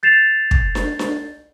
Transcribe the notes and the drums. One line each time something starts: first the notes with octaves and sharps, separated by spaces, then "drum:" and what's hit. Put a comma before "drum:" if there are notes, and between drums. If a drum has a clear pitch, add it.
G6 A6 C7 E7 F7
drum: kick
drum: snare D4
drum: snare D4